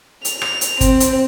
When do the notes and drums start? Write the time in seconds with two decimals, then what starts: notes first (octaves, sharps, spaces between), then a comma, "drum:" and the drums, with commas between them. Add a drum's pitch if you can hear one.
0.25 F7, drum: hi-hat
0.42 drum: rim click
0.61 drum: hi-hat
0.81 C4, drum: kick, hi-hat
1.00 drum: hi-hat